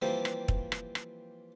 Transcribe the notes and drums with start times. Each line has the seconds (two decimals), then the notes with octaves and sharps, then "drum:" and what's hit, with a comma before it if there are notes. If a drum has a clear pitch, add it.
0.02 E3 F3 G3 A#3 C4 G4
0.25 drum: rim click
0.48 drum: kick
0.72 drum: rim click
0.95 drum: rim click